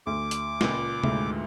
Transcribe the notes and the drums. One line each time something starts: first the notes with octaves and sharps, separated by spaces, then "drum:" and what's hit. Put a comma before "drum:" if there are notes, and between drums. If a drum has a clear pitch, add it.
D2 D6
drum: hi-hat
C#2 A#2, drum: snare
D2 G#2, drum: tom C3